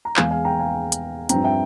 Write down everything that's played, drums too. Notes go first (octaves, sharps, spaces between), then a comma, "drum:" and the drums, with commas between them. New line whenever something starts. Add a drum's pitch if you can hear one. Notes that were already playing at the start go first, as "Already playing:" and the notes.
A#5
E2 E3 G#3 F5 G#5, drum: clap
F5 G#5
G5 A#5
F5 G#5
drum: hi-hat
G2 F3 C4 G5 A#5, drum: hi-hat
E5 G5